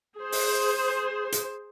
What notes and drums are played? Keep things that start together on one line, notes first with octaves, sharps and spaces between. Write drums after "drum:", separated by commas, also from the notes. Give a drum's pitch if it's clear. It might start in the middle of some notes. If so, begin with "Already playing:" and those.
G#4 C5
drum: open hi-hat
drum: hi-hat